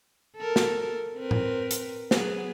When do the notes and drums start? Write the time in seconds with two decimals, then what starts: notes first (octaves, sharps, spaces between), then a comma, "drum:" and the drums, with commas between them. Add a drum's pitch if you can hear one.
0.37 A4 A#4
0.56 drum: snare
1.19 C4 A#4 B4
1.31 drum: tom A2
1.71 drum: hi-hat
2.11 F#3 B3 G#4, drum: snare